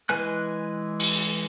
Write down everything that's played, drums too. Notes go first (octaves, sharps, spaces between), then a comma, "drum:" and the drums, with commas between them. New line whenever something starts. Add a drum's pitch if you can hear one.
E3 G#3 B4 G#5 F#6
drum: open hi-hat